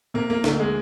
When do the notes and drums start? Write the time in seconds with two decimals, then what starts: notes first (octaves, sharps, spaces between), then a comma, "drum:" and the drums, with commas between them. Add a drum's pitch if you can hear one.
0.14 C3 A#3
0.30 A#3
0.44 D2 A3, drum: snare
0.59 G#3